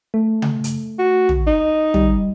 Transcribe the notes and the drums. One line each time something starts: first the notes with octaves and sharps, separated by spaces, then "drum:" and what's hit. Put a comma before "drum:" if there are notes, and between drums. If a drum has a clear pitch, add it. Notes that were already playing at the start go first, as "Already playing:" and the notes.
A3
drum: tom C#3
drum: hi-hat
F#4
drum: tom
D#4
G3, drum: tom